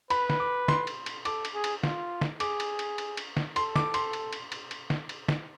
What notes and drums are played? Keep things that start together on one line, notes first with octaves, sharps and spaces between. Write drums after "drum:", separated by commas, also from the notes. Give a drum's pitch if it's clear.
B4 B5, drum: cymbal
drum: snare
D6
C6, drum: snare
drum: cymbal
drum: cymbal
A4 D6, drum: cymbal
drum: cymbal
G#4
drum: cymbal
F4, drum: snare
drum: snare
G#4 D6, drum: cymbal
drum: cymbal
drum: cymbal
drum: cymbal
drum: cymbal
drum: snare
A4 C6, drum: cymbal
D6, drum: snare
C6, drum: cymbal
drum: cymbal
drum: cymbal
drum: cymbal
drum: cymbal
drum: snare
drum: cymbal
drum: snare